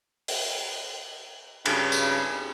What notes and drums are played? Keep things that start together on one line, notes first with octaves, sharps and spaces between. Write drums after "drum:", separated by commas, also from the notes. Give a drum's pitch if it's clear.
drum: open hi-hat
G2 C#3, drum: cymbal
drum: tambourine